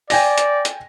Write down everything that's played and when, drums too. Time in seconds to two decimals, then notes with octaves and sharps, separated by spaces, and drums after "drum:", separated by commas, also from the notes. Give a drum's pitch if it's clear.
0.10 D5 G5 G#5 A#6, drum: open hi-hat
0.38 drum: hi-hat
0.65 drum: hi-hat